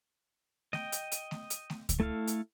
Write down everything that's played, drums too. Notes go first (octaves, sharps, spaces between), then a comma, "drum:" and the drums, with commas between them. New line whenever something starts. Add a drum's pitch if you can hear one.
D#5 G5, drum: snare A3
drum: hi-hat
drum: hi-hat
drum: snare A3
drum: hi-hat
drum: snare A3
drum: kick C#2, hi-hat
A3 E4 A4 F5
drum: hi-hat